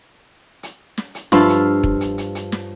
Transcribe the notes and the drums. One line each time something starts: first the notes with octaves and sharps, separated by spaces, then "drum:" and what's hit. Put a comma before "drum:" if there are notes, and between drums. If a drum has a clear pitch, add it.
drum: hi-hat
drum: snare
drum: hi-hat
G2 F3 F4 E5, drum: snare
drum: hi-hat
drum: kick
drum: hi-hat
drum: hi-hat
drum: hi-hat
drum: snare